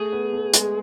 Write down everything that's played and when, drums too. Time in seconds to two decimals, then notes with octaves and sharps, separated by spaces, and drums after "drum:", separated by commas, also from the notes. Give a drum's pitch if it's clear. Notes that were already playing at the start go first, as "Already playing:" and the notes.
Already playing: A3 G#4
0.13 B3
0.33 A3
0.54 G#3, drum: hi-hat